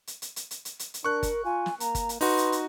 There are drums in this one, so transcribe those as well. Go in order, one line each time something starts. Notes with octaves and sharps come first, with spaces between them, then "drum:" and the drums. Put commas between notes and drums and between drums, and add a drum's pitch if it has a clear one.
drum: hi-hat
drum: hi-hat
drum: hi-hat
drum: hi-hat
drum: hi-hat
drum: hi-hat
drum: hi-hat
D4 A#4 C#6 F#6
drum: kick G1, hi-hat
F4 G#5
drum: snare
A#3 A#5, drum: hi-hat
drum: kick G1, hi-hat
drum: hi-hat
D#4 F#4 B4 C6, drum: open hi-hat
drum: hi-hat
drum: hi-hat